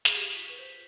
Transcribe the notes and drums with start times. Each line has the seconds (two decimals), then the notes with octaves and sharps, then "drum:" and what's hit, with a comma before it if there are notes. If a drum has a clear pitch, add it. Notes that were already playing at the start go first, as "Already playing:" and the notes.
0.05 G#4, drum: snare
0.14 G4 B6
0.36 F4 B6
0.49 B4
0.58 C5 G6